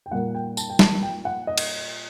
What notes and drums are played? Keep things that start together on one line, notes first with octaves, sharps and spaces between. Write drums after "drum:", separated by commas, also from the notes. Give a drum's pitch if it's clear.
G5
A#2 G3 A#3 F#5
G5
A5, drum: tambourine
G5
A5, drum: snare
G5
F#5
D#5
drum: cymbal